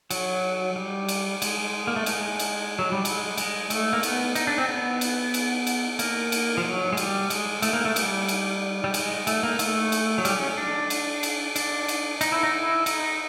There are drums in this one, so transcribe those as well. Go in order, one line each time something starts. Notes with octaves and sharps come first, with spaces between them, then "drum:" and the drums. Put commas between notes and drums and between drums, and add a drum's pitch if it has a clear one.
F#3, drum: cymbal
G3
drum: cymbal
G#3, drum: cymbal
A#3
A3
G#3, drum: cymbal
drum: cymbal
F#3
G3
G#3, drum: cymbal
G#3, drum: cymbal
A3, drum: cymbal
A#3
B3, drum: cymbal
D#4, drum: cymbal
D4
C4
B3
drum: cymbal
drum: cymbal
drum: cymbal
A#3, drum: cymbal
drum: cymbal
F3
F#3
G#3
G3, drum: cymbal
G#3, drum: cymbal
A3, drum: cymbal
A#3
A3
G3, drum: cymbal
drum: cymbal
G3
G#3, drum: cymbal
A3, drum: cymbal
A#3
A3, drum: cymbal
drum: cymbal
F#3
G3, drum: cymbal
C#4
D4
drum: cymbal
drum: cymbal
D4, drum: cymbal
drum: cymbal
D#4, drum: cymbal
E4
D#4
E4
D#4, drum: cymbal